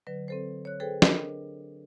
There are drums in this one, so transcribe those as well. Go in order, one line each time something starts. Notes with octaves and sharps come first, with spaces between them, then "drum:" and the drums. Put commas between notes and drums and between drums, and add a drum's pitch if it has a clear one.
D3 F#3 B4
C4 A4 C5
C#5 F#6
G#4 A4 B4 C5 G5
D4 A#4 D#5, drum: snare